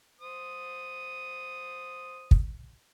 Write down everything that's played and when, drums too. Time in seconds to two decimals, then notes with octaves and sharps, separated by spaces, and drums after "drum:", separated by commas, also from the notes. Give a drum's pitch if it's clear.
0.21 C5 D#6
2.31 drum: kick